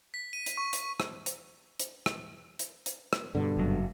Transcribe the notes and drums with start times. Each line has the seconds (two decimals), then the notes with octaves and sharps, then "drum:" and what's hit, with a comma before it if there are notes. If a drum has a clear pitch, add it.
0.14 B6
0.33 D#7
0.46 drum: hi-hat
0.57 C#6
0.73 drum: hi-hat
1.00 drum: rim click
1.26 drum: hi-hat
1.79 drum: hi-hat
2.06 drum: rim click
2.59 drum: hi-hat
2.86 drum: hi-hat
3.13 drum: rim click
3.35 G2 B2 D3
3.57 F#1 F#3